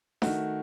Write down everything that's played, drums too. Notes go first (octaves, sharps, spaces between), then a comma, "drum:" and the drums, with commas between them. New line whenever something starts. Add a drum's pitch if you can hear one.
D#3 A3 F#4, drum: snare D4